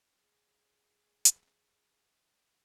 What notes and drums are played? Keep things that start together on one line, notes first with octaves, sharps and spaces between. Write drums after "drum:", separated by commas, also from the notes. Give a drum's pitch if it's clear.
G#4
drum: hi-hat